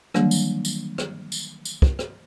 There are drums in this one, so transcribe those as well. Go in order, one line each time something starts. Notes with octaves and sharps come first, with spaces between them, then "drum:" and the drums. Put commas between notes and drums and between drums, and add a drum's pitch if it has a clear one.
D#3 E3 F#3 G3 A#3 D4, drum: rim click
drum: tambourine
drum: tambourine
drum: rim click
drum: tambourine
drum: tambourine
drum: kick
drum: rim click